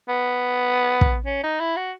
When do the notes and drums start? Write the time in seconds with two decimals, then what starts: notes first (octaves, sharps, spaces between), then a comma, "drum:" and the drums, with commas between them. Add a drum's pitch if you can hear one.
0.09 B3
1.01 drum: kick
1.26 C#4
1.44 D#4
1.60 E4
1.77 F#4